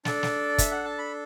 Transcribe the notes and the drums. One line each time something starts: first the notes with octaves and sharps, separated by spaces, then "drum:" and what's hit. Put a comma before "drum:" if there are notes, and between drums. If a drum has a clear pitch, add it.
D4 A4 D5, drum: snare
drum: snare
E5, drum: kick, hi-hat
F#5
A5
B5